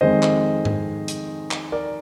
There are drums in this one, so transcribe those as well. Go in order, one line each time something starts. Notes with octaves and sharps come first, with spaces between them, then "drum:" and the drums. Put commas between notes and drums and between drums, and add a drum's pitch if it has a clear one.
F2 D#3 G#3 C4 C5 D#5
drum: clap
drum: tom G#2
drum: hi-hat
drum: clap
A#4 D5